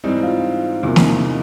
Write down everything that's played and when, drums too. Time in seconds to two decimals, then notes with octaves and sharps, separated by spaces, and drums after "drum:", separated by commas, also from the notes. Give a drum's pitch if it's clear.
0.04 G#2 E3 G3 C4 D#4
0.23 F4
0.83 E2 C3 F3 A#3 E4
0.96 D#4, drum: snare
1.09 D#4
1.23 D#4